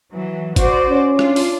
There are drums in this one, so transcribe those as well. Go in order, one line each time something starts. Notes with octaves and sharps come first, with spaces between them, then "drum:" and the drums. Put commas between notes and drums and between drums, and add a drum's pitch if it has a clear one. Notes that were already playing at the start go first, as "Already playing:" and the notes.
E3 F#3
F#4 C5 D5, drum: kick, hi-hat
C#4
D4 F4, drum: rim click
drum: open hi-hat